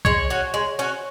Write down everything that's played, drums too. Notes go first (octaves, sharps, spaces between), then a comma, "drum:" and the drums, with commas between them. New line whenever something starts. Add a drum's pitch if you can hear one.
G#3 C#5, drum: kick B1
C#4 F#4
G#3
C#4 F#4